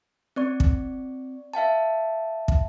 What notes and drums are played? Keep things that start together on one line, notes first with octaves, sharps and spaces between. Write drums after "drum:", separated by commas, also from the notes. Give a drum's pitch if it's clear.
C4 D5 C#6
drum: kick
E5 F5 G5 A5
drum: kick